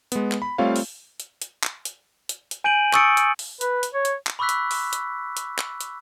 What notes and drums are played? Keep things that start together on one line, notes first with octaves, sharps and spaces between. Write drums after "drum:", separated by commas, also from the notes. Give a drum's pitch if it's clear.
G#3 B3, drum: hi-hat
drum: clap
B5
G3 A3 C4 F4 C#5 F5
drum: open hi-hat
drum: hi-hat
drum: hi-hat
drum: clap
drum: hi-hat
drum: hi-hat
drum: hi-hat
G#5 G6 D7 D#7 F#7
C#6 D#6 E6 A6 C#7 D7, drum: clap
drum: hi-hat
drum: open hi-hat
B4, drum: hi-hat
drum: hi-hat
C#5
drum: hi-hat
drum: clap
B5 C#6 D6 E6 F#6 B6
drum: hi-hat
drum: open hi-hat
drum: hi-hat
drum: hi-hat
drum: clap
drum: hi-hat